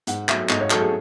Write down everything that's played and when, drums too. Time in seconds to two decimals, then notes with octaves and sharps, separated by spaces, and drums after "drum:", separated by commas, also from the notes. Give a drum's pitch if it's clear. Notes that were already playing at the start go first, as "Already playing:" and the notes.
0.07 G#2 F#5, drum: hi-hat
0.29 F#3 A3 E5, drum: clap
0.49 G#2 D#5, drum: clap
0.60 C#5
0.70 F#3 A3 A4, drum: clap
0.81 G#4